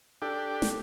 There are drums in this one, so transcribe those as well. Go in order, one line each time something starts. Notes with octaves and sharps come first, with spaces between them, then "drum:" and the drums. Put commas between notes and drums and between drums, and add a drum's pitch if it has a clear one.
D4 G4 A4
drum: snare